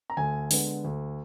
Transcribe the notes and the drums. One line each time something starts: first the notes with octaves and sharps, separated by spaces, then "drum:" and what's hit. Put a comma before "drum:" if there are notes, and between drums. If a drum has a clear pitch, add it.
A#5
D2 G#5
D3 G#3 B3, drum: open hi-hat
D2